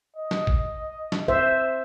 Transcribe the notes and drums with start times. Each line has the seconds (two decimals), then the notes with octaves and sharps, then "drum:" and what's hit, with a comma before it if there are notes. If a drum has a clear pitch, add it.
0.16 D#5
0.31 drum: snare
0.47 drum: kick G#1
1.12 drum: snare
1.28 C5 E5